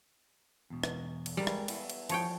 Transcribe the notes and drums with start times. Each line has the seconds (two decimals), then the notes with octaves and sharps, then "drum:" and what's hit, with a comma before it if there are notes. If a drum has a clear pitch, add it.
0.70 E2 B2
0.84 drum: rim click
1.26 drum: cymbal
1.37 G3 G#3 G#4 A#4
1.47 drum: rim click
1.68 B3 E4, drum: cymbal
1.90 drum: cymbal
2.09 F3 C#5 G5, drum: cymbal